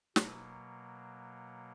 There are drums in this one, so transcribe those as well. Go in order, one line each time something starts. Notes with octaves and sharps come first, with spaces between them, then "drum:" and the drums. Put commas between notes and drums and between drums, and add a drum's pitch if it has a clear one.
B2 F#3 A#3, drum: snare